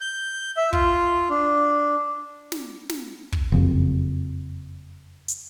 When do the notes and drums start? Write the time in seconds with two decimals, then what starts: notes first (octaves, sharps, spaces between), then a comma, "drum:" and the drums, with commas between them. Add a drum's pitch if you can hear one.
0.01 G6
0.57 E5
0.73 F4, drum: kick
1.30 D4
2.52 drum: snare
2.89 drum: snare
3.32 drum: kick
3.52 F#1 F2
5.28 drum: hi-hat